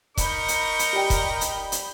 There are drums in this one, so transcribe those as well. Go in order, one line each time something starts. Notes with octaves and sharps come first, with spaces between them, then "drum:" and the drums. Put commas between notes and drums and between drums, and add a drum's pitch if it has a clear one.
D#4 A#4 B5 C#6 G6, drum: kick F1, hi-hat
drum: hi-hat
drum: hi-hat
G4 D5 G5
drum: kick F1, hi-hat
drum: hi-hat
drum: hi-hat